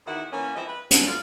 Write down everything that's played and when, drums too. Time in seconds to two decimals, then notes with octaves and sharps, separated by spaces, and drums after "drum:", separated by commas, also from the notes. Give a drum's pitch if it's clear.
0.07 E2 D#3 E4 F#4 F#5
0.32 E3 A#3 B3 C#4
0.56 E3 F3 G#3 C4 D#5 E5
0.68 B4
0.91 C#3 G#3 A3 B3 C#4 D4, drum: hi-hat
1.06 D2 F4 D5